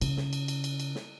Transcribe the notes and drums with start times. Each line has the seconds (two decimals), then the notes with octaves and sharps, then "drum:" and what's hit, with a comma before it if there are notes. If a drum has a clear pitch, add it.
0.01 C#3, drum: cymbal
0.17 drum: snare
0.33 drum: cymbal
0.48 drum: cymbal
0.64 drum: cymbal
0.80 drum: cymbal
0.95 drum: snare